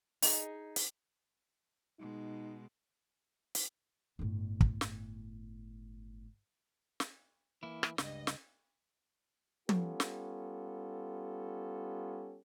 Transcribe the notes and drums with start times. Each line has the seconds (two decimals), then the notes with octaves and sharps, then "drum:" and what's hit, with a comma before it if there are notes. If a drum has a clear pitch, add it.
0.23 D#4 G#4, drum: open hi-hat
0.76 drum: hi-hat
1.99 B2 G#3 D#4
3.55 drum: hi-hat
4.19 G1 A2
4.61 drum: kick
4.81 drum: snare
7.00 drum: snare
7.63 E3 A#3 E4
7.83 drum: rim click
7.98 C#2 G2 D#5, drum: snare
8.27 drum: snare
9.69 G3 B3 C#4 F4 G4 A4, drum: tom
10.00 drum: snare